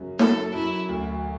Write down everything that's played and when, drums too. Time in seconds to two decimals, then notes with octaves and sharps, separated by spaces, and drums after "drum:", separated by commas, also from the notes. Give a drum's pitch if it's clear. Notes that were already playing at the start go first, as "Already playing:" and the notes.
Already playing: F#2 C#3
0.19 F#2 A4, drum: snare
0.53 F#2 E4
0.89 D2